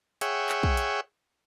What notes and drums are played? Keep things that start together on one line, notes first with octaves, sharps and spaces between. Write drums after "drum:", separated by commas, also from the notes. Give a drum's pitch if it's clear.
G#4 C#5 E5 F#5 G5, drum: hi-hat
drum: clap
drum: kick
drum: hi-hat